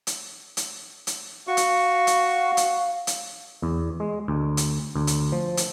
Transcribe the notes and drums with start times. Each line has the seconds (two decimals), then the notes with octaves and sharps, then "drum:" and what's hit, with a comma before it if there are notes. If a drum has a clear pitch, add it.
0.07 drum: hi-hat
0.57 drum: hi-hat
1.07 drum: hi-hat
1.48 F#4 F5 C#6
1.57 drum: hi-hat
2.07 drum: hi-hat
2.57 drum: hi-hat
3.07 drum: hi-hat
3.62 E2
4.00 G#3
4.28 D2
4.57 drum: hi-hat
4.95 D2
5.07 drum: hi-hat
5.32 F3
5.57 drum: hi-hat